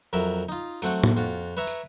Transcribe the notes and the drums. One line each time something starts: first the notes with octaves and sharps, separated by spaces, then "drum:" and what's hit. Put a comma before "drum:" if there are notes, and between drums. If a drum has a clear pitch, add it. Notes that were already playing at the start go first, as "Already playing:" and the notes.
F2 F#3 A#4 E5 B5
D#4 F4
F#3 A3 C4 F#5, drum: tambourine
drum: tom
F2 F4 F#4
B4 C#5 E5 A#5
drum: tambourine